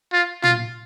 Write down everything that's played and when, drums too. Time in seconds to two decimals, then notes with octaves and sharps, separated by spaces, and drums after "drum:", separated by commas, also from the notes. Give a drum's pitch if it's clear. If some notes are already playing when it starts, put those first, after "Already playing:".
0.13 F4
0.43 F4, drum: tom